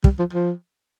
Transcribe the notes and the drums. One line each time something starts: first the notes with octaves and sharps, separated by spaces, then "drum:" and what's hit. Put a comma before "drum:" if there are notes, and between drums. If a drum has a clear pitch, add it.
G3, drum: kick
F3
F3